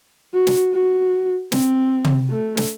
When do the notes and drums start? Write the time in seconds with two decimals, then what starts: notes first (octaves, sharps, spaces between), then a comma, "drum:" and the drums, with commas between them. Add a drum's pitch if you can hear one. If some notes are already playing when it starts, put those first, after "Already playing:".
0.33 F#4
0.47 drum: snare
0.73 F#4
1.52 C4, drum: snare
2.05 drum: tom
2.30 A3
2.57 drum: snare